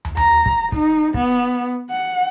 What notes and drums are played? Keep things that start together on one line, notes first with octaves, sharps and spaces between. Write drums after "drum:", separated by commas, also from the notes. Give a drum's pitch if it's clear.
drum: tom
A#5, drum: tom
drum: kick
D#4, drum: kick
B3, drum: kick
F#5